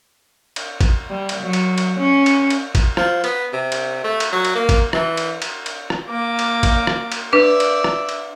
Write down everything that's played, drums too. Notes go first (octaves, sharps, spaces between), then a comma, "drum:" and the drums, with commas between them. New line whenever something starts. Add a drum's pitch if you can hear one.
drum: cymbal
drum: kick G#1, cymbal
G3
drum: cymbal
F#3
drum: cymbal
drum: cymbal
C#4
drum: cymbal
drum: cymbal
drum: kick G#1, cymbal
F3, drum: rim click
B3, drum: cymbal
C3
drum: cymbal
A3
drum: cymbal
F#3
drum: cymbal
A#3
drum: kick G#1, cymbal
E3, drum: rim click
drum: cymbal
drum: cymbal
drum: cymbal
drum: rim click
A#3 D6
drum: cymbal
drum: kick G#1, cymbal
drum: rim click
drum: cymbal
D4 B4 D5 E5
drum: cymbal
drum: rim click
drum: cymbal